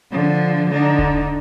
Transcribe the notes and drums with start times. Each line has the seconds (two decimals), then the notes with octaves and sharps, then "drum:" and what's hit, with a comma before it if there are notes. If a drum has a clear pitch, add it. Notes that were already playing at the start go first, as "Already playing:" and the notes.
0.12 D3 F3
0.70 D3 D#4
0.99 drum: kick E1